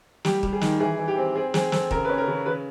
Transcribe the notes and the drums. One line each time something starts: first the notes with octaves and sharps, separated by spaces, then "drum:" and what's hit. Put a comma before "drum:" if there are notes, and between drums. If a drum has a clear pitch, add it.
G3 G4, drum: snare
G3, drum: kick
G#4
D#3, drum: snare
E3 G#4
E3
G4
C4
C4 G#4
C4 G#4, drum: snare
C4 A4, drum: snare
C#3 A#4, drum: kick
C#4 B4
A#4
C#3
C#3 B4